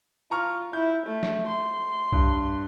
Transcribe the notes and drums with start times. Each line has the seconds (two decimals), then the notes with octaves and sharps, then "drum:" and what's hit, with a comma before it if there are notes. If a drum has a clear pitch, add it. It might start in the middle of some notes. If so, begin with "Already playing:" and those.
0.31 F4 A#5 C#6 F6
0.73 E4 G6
1.06 A3
1.23 drum: snare
1.47 C6
2.12 G2, drum: kick B1